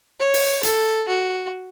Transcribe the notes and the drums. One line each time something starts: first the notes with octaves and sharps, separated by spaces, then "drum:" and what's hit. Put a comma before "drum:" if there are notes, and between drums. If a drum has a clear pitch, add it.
C#5
drum: open hi-hat
A4, drum: hi-hat
F#4